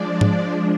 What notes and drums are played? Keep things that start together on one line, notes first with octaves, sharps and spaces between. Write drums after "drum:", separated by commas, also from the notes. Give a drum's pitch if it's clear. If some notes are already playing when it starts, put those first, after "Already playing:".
Already playing: F3 G#3 D4 D5
drum: tom G#2